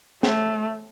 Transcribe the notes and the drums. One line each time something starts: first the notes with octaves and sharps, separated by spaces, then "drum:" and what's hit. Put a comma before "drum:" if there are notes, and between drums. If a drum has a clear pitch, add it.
A3, drum: snare